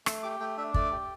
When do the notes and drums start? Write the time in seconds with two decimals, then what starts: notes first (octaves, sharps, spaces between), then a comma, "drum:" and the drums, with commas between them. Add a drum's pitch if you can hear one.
0.06 A3 E6, drum: rim click
0.23 G4 D6
0.40 A3 G5
0.57 D4 E5
0.74 A3 D5, drum: kick
0.92 G4